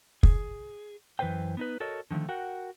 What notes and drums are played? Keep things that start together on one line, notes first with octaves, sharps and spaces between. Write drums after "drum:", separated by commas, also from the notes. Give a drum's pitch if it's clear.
G#4, drum: kick
F#2 E3 F3 B4 C5 G5
B3 D#4 B4
F#4 A4 A#4 C#5 D#5
D3 D#3 F3 A3
F#4 A#4 F#5 G5